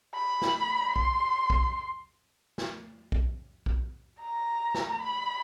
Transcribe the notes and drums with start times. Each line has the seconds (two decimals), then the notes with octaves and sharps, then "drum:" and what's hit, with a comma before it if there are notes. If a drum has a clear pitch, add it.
0.14 B5
0.42 drum: snare
0.96 C6, drum: kick B1
1.50 drum: kick B1
2.58 drum: snare
3.12 drum: kick B1
3.66 drum: kick B1
4.21 A#5
4.74 drum: snare
5.01 B5